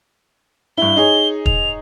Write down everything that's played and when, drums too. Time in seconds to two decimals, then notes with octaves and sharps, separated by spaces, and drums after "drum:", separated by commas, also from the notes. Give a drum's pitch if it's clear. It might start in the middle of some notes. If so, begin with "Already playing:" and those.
0.78 G2 E4 G7
0.96 D#4 G#4 C#5
1.46 F7, drum: kick